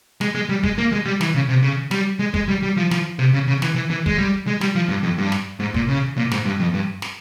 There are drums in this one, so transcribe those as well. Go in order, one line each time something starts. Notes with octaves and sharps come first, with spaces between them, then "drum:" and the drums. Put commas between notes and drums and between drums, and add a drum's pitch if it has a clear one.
G#3, drum: snare
G#3
G3
G#3, drum: kick
A#3
G#3
G3
E3, drum: snare
C#3
C3
C#3
G3, drum: snare
G#3
G#3, drum: kick
G3
G3
F3
F3, drum: snare
C3
C#3
C#3
E3, drum: snare
E3
E3
G#3, drum: kick
G3
G#3
G3, drum: snare
F3
G2
F2
G2
drum: snare
G#2
A#2, drum: kick
C#3
A#2
G#2, drum: snare
G2
F2
G2
drum: snare